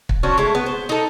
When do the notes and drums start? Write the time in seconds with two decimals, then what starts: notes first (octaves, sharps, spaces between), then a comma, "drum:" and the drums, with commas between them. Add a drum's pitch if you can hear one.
0.09 drum: kick
0.23 F3 C#4 D4 F#4
0.38 G#3 A3 E4
0.55 B3
0.66 C5
0.89 D#4 A4